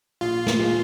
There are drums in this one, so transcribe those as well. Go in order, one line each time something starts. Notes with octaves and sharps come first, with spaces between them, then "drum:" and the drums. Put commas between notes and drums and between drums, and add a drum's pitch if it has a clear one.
A#1 F4
drum: snare
A#2 G#3